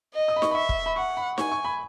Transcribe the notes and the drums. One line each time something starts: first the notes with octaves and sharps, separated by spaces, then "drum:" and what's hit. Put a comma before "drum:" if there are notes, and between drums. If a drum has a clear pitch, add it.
D#5
D#6
B5
C#6, drum: snare D#4
B5
E5 C#6
drum: kick
B5
F#5 C#6
B5
G#5 C#6, drum: snare D#4
C#6
B5